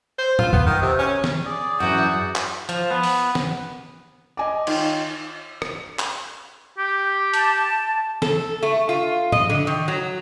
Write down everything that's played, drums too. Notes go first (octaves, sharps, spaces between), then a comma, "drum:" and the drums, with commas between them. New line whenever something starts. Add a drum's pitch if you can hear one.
C5
F4, drum: tom A2
B3, drum: kick
D#3
C3
C#4
drum: snare
G#4 D5 D6
F#2 E3 F#4 G6
drum: clap
F3, drum: hi-hat
B3
drum: open hi-hat
drum: snare
D#5 G#5 D6
D#3 F4 C#5, drum: cymbal
drum: rim click
drum: clap
G4
A5, drum: hi-hat
A4, drum: snare
A3
F4
D#5, drum: tom A2
D3
D#3
F#3